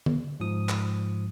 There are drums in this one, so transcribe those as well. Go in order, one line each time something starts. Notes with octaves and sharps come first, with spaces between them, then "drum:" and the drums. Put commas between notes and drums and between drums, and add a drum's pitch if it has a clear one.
drum: tom D3
G#2 F3 D#6
drum: clap